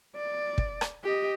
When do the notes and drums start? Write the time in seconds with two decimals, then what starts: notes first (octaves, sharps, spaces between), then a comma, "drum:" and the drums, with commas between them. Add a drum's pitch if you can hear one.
0.16 D5
0.58 drum: kick
0.81 drum: rim click
1.04 G4 D#5